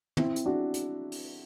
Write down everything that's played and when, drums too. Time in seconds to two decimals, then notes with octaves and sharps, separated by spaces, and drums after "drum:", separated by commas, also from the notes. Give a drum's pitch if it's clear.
0.17 C4 E4, drum: tom
0.36 drum: hi-hat
0.45 D4 F#4
0.74 drum: hi-hat
1.12 drum: open hi-hat